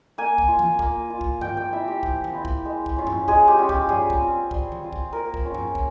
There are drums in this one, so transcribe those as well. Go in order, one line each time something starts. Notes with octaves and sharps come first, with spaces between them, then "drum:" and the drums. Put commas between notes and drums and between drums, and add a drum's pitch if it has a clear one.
A#3 G#5
drum: kick
F4
drum: tom E3
A#3, drum: kick
F4
drum: kick
F3 G5, drum: tom G2
G5
C4 E4 E5
G4
F3, drum: kick
drum: tom D#3
C4 E4
drum: kick
G#3
drum: kick
C#4 F4
drum: tom F#2
G#3 G#4, drum: kick
G4
C#4 F4
G4, drum: kick
G3 G#4, drum: tom F#2
drum: kick
C4 F4
G3, drum: kick
drum: tom D#3
C4 F4
drum: kick
A#3 A#4
drum: kick
C#4 F4
drum: tom F#2
drum: kick